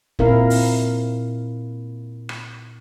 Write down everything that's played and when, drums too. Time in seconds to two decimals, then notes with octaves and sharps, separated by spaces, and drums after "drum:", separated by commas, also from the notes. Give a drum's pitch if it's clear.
0.19 A#2 C4 E4 A#4 F5, drum: kick
0.50 drum: open hi-hat
2.29 drum: rim click